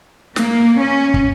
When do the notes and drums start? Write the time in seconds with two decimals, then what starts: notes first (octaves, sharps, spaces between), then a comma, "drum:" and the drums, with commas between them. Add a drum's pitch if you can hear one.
0.36 A#3, drum: snare
0.79 C#4
1.14 drum: kick